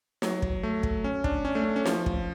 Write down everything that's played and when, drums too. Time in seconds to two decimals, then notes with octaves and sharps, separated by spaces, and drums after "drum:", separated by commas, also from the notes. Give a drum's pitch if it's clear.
0.22 F#3, drum: snare
0.42 drum: kick
0.63 A3
0.83 drum: kick
1.04 C#4
1.24 D4, drum: kick
1.45 C#4
1.55 A3
1.65 C#4
1.76 C#4
1.85 F3, drum: snare
2.06 drum: kick